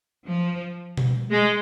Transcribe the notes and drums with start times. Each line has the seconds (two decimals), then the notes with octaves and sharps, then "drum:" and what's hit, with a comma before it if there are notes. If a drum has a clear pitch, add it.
0.27 F3
0.97 drum: tom B2
1.31 G#3